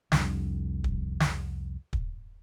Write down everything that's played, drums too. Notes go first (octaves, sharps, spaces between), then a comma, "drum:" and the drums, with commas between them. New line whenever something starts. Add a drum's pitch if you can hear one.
C2 F2 G3 D4, drum: snare
drum: kick
drum: snare
drum: kick